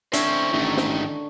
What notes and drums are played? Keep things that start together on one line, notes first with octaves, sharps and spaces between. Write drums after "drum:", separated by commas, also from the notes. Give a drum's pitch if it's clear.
D3 C4 C#4 E4 E5 C#6, drum: hi-hat
A1 G#2 D#3 A3
drum: snare